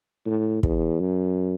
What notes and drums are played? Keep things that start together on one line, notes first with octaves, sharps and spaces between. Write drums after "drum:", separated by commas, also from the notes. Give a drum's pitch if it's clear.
A2
E2, drum: kick
F#2